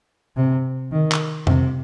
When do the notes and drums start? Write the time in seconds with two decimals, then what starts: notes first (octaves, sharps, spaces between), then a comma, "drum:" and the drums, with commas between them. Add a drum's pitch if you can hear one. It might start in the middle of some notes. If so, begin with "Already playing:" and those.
0.36 C3
0.92 D#3
1.12 drum: clap
1.47 C3, drum: tom F2